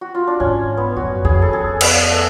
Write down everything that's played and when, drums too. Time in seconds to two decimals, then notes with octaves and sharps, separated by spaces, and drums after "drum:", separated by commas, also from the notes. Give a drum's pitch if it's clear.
0.01 F#4
0.15 F4
0.27 D4
0.40 G#2 C#4
0.77 B3
0.96 F#2 F#4
1.25 F2 G#4
1.42 A4
1.53 G#4
1.81 B3, drum: cymbal
2.10 A3